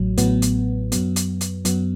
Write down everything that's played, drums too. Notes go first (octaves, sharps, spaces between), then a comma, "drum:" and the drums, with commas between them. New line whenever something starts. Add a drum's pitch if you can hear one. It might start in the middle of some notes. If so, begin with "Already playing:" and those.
Already playing: A1 A2 F#3
A1 A2 F#3 B3, drum: hi-hat
drum: hi-hat
F#2 F#3 B3, drum: hi-hat
drum: hi-hat
drum: hi-hat
F#2 F#3 B3, drum: hi-hat